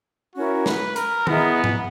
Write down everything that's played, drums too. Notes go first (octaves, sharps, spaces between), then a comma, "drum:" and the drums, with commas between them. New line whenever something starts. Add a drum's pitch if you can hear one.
C#4 E4 F#4 A#4
B4, drum: snare
A#4, drum: hi-hat
B3 E4 G#4 D#5 A#5, drum: tom D#3
drum: tom G#2